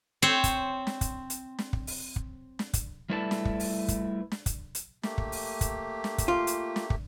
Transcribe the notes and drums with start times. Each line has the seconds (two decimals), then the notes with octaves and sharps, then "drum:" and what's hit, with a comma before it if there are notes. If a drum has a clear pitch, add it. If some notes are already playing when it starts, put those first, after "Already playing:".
0.22 C4 C5 C#5
0.44 drum: kick, hi-hat
0.87 drum: snare
1.01 drum: kick, hi-hat
1.30 drum: hi-hat
1.59 drum: snare
1.73 drum: kick
1.87 drum: open hi-hat
2.16 drum: kick
2.59 drum: snare
2.73 drum: kick, hi-hat
3.10 G3 A3 E4 B4 D5 A5
3.31 drum: snare
3.45 drum: kick
3.60 drum: open hi-hat
3.88 drum: kick, hi-hat
4.32 drum: snare
4.46 drum: kick, hi-hat
4.75 drum: hi-hat
5.03 A3 A#3 G4, drum: snare
5.18 drum: kick
5.32 drum: open hi-hat
5.61 drum: kick, hi-hat
6.04 drum: snare
6.18 drum: kick, hi-hat
6.28 F4
6.47 drum: hi-hat
6.76 drum: snare
6.90 drum: kick